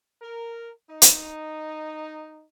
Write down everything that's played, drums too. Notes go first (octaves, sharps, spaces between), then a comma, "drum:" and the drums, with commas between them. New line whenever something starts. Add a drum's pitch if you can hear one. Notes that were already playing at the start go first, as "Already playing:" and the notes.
A#4
D#4
drum: hi-hat